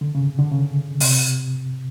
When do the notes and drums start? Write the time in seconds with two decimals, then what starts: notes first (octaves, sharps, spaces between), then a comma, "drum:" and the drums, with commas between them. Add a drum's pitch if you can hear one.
0.01 D3
0.15 C#3
0.38 D3
0.52 C#3
1.00 C3, drum: open hi-hat